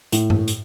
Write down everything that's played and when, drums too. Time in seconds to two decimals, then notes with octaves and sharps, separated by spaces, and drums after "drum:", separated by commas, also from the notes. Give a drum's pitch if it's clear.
0.12 A2, drum: hi-hat
0.30 drum: tom G2
0.48 drum: hi-hat